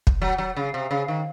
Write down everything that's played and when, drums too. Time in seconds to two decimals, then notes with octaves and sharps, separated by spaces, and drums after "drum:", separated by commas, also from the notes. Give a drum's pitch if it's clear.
0.07 drum: kick
0.22 F#3
0.38 F#3
0.56 C#3
0.74 C3
0.91 C#3
1.08 D#3